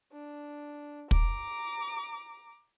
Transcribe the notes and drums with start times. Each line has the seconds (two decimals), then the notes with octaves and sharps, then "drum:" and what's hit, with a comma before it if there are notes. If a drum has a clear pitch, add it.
0.12 D4
1.11 A#5 D6, drum: kick